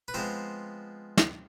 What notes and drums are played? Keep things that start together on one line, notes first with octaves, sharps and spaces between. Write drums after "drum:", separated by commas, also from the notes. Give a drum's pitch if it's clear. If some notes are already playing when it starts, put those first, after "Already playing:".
B4
F3 G#3 B3 C4 C5
drum: snare